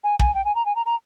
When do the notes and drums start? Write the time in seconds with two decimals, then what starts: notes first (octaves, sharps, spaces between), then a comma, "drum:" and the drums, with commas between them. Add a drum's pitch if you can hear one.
0.04 G#5
0.19 G#5, drum: kick
0.35 G5
0.45 G#5
0.55 A#5
0.66 G#5
0.76 A#5
0.86 A#5